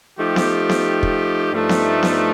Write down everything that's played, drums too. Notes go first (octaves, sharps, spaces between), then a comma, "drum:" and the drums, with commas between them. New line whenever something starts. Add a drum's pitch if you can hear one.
F3 A3 D#4 G4
drum: snare B3
drum: snare B3
drum: kick
G2 F3 A3 D#4
drum: snare B3
drum: snare B3